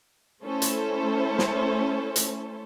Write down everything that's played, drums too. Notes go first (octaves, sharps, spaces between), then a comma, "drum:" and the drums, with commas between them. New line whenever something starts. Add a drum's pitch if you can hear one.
A3 C#4 E4 A4 C5
drum: hi-hat
drum: snare
drum: hi-hat